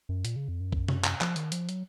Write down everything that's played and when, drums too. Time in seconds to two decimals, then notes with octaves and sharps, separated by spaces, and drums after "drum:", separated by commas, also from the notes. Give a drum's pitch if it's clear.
0.09 F#2
0.25 A#2, drum: hi-hat
0.36 C#3
0.48 F2
0.61 F#2
0.72 drum: kick B1
0.88 drum: tom C3
1.04 drum: clap
1.21 F3, drum: clap
1.36 D#3, drum: hi-hat
1.52 F3, drum: hi-hat
1.69 F#3, drum: hi-hat